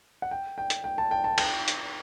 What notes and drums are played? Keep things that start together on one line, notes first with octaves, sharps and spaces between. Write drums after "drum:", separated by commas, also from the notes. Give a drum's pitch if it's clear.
F#5
G5
G5
drum: hi-hat
G5
A5
G5
A5
G5, drum: cymbal
drum: hi-hat